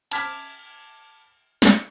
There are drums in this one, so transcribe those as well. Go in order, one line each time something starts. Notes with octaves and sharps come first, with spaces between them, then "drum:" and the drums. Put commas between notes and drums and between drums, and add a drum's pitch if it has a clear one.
A5 B5 D6 F6 G#6 B6, drum: cymbal
drum: snare